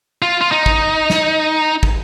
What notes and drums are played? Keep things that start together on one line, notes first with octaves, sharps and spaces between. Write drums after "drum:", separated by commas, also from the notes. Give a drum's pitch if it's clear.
F4
F4
D#4
drum: kick
drum: snare
drum: kick